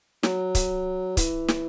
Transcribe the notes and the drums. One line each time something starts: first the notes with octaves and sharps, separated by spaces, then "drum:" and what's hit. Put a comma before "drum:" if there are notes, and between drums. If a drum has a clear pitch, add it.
F#3, drum: snare
drum: kick C#1, hi-hat
E3, drum: kick C#1, hi-hat
drum: snare